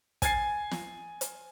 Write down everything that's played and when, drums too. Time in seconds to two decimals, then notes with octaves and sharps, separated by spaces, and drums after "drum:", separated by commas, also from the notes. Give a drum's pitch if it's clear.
0.22 G#5 G#6 A6 C7, drum: kick, hi-hat
0.71 drum: snare
1.21 drum: hi-hat